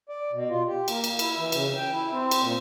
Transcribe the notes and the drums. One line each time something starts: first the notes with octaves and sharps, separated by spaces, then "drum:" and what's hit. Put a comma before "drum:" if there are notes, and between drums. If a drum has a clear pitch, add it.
D5
B2
F4
G4
A#3, drum: cymbal
drum: cymbal
E4, drum: cymbal
E3
C#3, drum: cymbal
G5
E4
C4
drum: cymbal
A#2